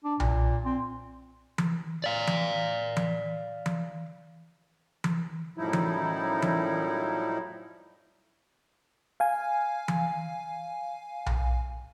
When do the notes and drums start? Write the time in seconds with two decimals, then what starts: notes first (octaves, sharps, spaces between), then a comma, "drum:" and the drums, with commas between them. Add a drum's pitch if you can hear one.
0.04 D4
0.20 A#2, drum: tom B1
0.65 C4
1.58 drum: tom E3
2.04 D5 F5
2.27 drum: tom E3
2.97 drum: tom E3
3.66 drum: tom E3
5.04 drum: tom E3
5.58 F#2 A2 F3 G3 D#4 E4
5.73 drum: tom E3
6.42 drum: tom E3
9.20 F5 G#5
9.88 drum: tom E3
11.26 drum: tom B1